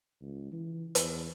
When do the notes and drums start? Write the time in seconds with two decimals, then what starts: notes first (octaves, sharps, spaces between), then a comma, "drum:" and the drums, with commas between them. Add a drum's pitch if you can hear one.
0.21 C#2
0.52 E3
0.95 E2, drum: hi-hat